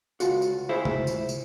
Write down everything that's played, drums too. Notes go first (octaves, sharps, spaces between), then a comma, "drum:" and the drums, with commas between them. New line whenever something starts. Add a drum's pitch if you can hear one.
C#2 F4 F#4, drum: tambourine
drum: tambourine
E4 F4 G#4 C5 E5
drum: tom C3
drum: tambourine
drum: tambourine